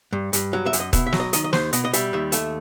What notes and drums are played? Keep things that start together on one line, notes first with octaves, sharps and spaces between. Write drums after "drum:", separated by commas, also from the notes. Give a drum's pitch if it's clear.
G2
G2, drum: hi-hat
F#3
E5
F#2, drum: hi-hat
D#5
B2 E5, drum: kick D#1, hi-hat
E5
F#3, drum: snare
D#5
D#3 D#5, drum: hi-hat
D#5
D#2 C5, drum: snare
B2 D#5, drum: hi-hat
D#5
G3 E5, drum: hi-hat
D#2 E5
A3 E5, drum: hi-hat